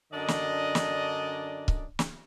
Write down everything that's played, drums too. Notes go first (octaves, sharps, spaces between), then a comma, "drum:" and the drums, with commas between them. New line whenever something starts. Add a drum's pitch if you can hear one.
F#2 D3 D4 D5 D#5
drum: snare
drum: snare
drum: kick C#1
drum: snare